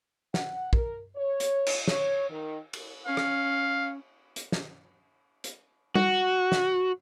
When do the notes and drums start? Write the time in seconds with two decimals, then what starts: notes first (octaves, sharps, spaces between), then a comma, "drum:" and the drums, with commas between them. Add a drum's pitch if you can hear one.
0.34 F#5, drum: snare
0.73 A#4, drum: kick
1.16 C#5
1.40 drum: hi-hat
1.66 drum: cymbal
1.88 C#5, drum: snare
2.30 D#3
2.73 drum: cymbal
3.07 C#4 F5
3.17 drum: rim click
4.36 drum: hi-hat
4.52 drum: snare
5.44 drum: hi-hat
5.95 F#4, drum: tom G3
6.52 drum: snare